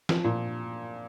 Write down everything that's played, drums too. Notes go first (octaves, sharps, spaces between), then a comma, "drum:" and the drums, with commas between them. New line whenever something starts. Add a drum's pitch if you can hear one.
F3, drum: snare
A#2